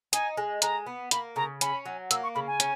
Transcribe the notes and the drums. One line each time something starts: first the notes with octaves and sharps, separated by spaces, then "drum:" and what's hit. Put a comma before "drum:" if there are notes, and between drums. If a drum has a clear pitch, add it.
D#4 G#5, drum: hi-hat
G#3
G#3 A#5, drum: hi-hat
B3
A#3 B5, drum: hi-hat
C#3 A#5
C#4 B5, drum: hi-hat
F#3
A#3 E6, drum: hi-hat
C#6
C#3 B5
G#5
C#4, drum: hi-hat